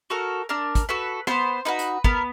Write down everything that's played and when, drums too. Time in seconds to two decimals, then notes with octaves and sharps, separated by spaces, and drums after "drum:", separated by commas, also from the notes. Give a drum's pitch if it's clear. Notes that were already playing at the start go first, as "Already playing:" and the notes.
0.10 F#4 A4 A#4
0.49 D4 A#4
0.75 drum: kick, hi-hat
0.89 F#4 A4 B4
1.27 B3 C5, drum: rim click
1.65 D#4 F#4 B4
1.79 drum: hi-hat
2.04 B3 A#4, drum: kick